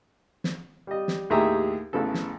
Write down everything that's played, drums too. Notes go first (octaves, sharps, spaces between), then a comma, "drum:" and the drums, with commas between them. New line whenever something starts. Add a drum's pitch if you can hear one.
drum: snare
G3 D#5
drum: snare
D#2 A2 G4 G#4 E5 A#5
A1 C#3 B3 A4
drum: snare